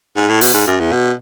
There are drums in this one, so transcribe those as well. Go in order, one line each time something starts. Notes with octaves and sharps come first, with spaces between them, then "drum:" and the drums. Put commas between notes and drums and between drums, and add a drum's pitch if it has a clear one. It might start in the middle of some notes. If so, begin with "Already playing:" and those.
G#2
A2
B2, drum: open hi-hat
G#2
F#2
E2
B2